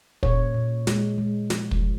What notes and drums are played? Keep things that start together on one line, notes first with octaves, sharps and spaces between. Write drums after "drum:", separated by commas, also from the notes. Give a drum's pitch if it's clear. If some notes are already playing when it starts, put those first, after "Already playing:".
A#2 C#5, drum: kick
A#2
G#3, drum: snare
G#3
F3, drum: snare
drum: kick
F3